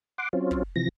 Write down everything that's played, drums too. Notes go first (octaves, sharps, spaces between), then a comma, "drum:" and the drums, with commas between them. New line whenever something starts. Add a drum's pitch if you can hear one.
F#5 C6 D6
F#3 C4 C#4 F4
drum: kick
C3 E3 F3 A#6